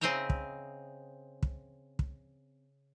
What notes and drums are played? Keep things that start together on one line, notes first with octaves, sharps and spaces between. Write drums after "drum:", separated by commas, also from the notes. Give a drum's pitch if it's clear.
C#3 C4 C5 D#5 E5 A#5
drum: kick
drum: kick
drum: kick